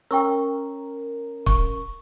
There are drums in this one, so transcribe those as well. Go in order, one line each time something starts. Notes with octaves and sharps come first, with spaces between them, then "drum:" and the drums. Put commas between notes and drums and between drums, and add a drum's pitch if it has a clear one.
C#4 A#4 G5 C#6 E6
C#6, drum: kick